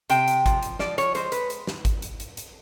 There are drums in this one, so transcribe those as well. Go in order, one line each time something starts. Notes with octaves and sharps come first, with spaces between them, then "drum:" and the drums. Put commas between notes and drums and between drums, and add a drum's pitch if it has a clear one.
C3 G5, drum: hi-hat
drum: hi-hat
F3, drum: kick G#1, hi-hat
drum: hi-hat
F3 D5, drum: snare
C#5, drum: hi-hat
G#3 C5, drum: hi-hat
B4, drum: hi-hat
drum: hi-hat
drum: snare
drum: kick G#1, hi-hat
drum: hi-hat
drum: hi-hat
drum: hi-hat